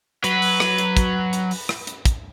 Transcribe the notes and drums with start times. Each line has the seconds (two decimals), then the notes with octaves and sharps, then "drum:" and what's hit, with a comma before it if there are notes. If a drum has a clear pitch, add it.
0.24 F#3 B4, drum: hi-hat
0.42 drum: open hi-hat
0.60 drum: rim click
0.78 drum: hi-hat
0.97 drum: kick, hi-hat
1.33 drum: hi-hat
1.51 drum: open hi-hat
1.69 drum: rim click
1.87 drum: hi-hat
2.05 drum: kick, hi-hat